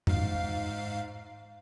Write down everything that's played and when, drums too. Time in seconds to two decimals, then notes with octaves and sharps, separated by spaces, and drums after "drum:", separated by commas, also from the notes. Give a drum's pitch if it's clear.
0.07 G#2 F5, drum: tom